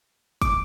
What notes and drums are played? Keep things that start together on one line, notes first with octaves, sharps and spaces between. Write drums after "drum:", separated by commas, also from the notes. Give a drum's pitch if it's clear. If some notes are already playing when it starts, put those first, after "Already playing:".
D6, drum: kick, hi-hat